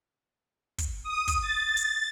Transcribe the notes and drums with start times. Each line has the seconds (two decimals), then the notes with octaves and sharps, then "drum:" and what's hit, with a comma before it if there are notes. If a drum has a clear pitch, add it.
0.78 drum: kick, hi-hat
1.03 D#6
1.28 drum: kick, hi-hat
1.41 A6
1.77 drum: hi-hat